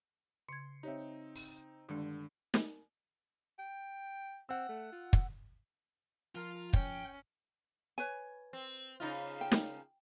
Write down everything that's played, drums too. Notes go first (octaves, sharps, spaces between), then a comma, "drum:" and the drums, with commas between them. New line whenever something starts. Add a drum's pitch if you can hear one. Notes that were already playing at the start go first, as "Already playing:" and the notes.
C#3 C6 G#6 C#7
C4 D#4 G4 C#5 E5
drum: open hi-hat
G2 D3 D#3 G#3 D4
drum: snare
G5
C4 F#5 E6
A3
F4
drum: kick
F3 F4 A#4
C#4 G5, drum: kick
B4 C#5 G#5
C4
C#3 D#4 F4
G5
drum: snare